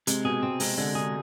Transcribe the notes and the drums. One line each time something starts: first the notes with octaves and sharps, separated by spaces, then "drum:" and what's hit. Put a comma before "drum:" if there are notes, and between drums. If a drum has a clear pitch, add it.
C3 G#3, drum: hi-hat
B2 G#4
B2 C4
C3 G#3, drum: open hi-hat
D3 G#3
D3 G#4